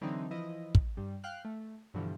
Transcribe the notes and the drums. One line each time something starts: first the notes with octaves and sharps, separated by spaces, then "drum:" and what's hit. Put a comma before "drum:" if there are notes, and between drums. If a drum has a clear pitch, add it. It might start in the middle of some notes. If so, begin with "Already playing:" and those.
D3 E3 F#3 C4 D#4
E3 F3 E4 D#5
drum: kick
G2 G3
F5 G5 F6 F#6
A3
G2 B2 D3 E3 F3